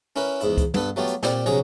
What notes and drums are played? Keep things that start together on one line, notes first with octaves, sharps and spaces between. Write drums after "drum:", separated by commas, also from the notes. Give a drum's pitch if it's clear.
C#4 E4 A#4 B4
E2 G#2 E4, drum: hi-hat
drum: kick C#2, hi-hat
G2 B3 A4 B4, drum: tom
F#3 A3 B3 F4 G4
drum: hi-hat
A#2 C4 G4 D5, drum: snare
A#1 C3 F#3 G#4 C#5 A#5